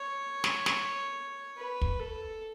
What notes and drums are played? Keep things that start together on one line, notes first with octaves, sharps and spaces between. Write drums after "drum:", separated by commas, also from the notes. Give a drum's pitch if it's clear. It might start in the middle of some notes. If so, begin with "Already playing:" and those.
Already playing: C#5
drum: snare
drum: snare
B4
drum: kick
A4